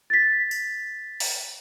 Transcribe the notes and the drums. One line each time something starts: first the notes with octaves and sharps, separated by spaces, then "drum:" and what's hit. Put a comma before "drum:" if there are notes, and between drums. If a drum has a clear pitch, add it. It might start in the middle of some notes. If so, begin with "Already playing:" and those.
A6 B6
drum: tambourine
drum: open hi-hat